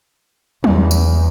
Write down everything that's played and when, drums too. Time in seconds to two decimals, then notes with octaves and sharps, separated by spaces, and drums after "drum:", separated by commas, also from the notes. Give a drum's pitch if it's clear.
0.64 E2, drum: tom
0.91 drum: tambourine